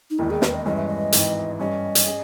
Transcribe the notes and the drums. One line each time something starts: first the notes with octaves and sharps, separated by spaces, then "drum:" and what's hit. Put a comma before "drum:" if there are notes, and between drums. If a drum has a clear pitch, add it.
D#4
E1 D#2 D#3 E4
G#4
B4, drum: snare
D#5
G2 E3 G#3 C#4 D#5
E5
D#5
G#1 G#2 E3, drum: hi-hat
G2 G3 C#4 D#5
drum: hi-hat
C#4 G#4